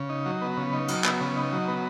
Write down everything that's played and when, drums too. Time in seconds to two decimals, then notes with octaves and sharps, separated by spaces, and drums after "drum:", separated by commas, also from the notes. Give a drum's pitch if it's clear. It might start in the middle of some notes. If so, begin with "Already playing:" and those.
Already playing: C#3
0.09 D#4
0.26 F#3
0.42 B3
0.57 C#3
0.73 D#4
0.88 F#3, drum: cymbal
1.04 B3, drum: clap
1.20 C#3
1.36 D#4
1.52 F#3
1.68 B3